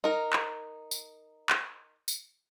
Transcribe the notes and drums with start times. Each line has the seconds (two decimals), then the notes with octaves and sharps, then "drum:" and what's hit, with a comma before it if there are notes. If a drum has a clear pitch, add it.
0.04 D#4 A#4
0.33 drum: clap
0.91 drum: tambourine
1.50 drum: clap
2.08 drum: tambourine